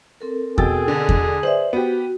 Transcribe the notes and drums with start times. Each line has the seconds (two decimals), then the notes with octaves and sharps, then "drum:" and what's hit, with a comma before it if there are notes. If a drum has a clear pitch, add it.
0.21 C4 A4 A#4
0.58 B2 G#4 G5 E6 A6, drum: kick E2
0.88 D3
1.09 drum: kick E2
1.43 B4 C5 D5 E5 F#7
1.73 B3 F#4 G4